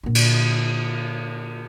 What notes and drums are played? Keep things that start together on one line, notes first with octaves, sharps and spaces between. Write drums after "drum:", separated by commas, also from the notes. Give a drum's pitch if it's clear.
A#2 D3
drum: cymbal